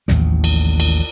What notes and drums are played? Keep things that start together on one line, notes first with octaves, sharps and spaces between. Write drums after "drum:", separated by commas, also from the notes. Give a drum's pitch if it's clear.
A1 D#2 A2 F3, drum: snare
drum: cymbal
drum: cymbal